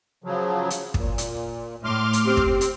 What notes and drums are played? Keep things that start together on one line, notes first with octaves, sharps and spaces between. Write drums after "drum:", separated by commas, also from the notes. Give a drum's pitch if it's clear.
C#3 F3 F#3
drum: hi-hat
A#2, drum: kick
drum: hi-hat
A2 C6 D6 F6
drum: hi-hat
C4 G4
drum: kick
drum: hi-hat